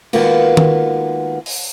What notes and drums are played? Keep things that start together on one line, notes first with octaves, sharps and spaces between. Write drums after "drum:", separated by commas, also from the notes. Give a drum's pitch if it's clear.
D#3 G#3 A#3 B3 F4 F#4, drum: cymbal
drum: tom D#3
drum: open hi-hat